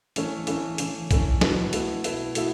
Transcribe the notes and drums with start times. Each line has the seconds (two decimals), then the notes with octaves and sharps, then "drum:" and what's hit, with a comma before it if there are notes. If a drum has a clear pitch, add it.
0.16 E3 A3 C#4, drum: hi-hat
0.47 E3 A3 C#4, drum: hi-hat
0.78 E3 A3 C#4, drum: hi-hat
1.11 E3 A3 C#4, drum: kick B1, hi-hat
1.41 B2 A3 E4 B4, drum: snare
1.73 B2 A3 E4 B4, drum: hi-hat
2.04 B2 A3 E4 B4, drum: hi-hat
2.35 B2 A3 E4, drum: hi-hat